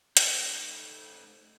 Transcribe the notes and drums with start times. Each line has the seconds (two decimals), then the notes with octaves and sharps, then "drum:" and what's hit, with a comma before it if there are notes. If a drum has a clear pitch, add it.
0.17 A3 D#4, drum: hi-hat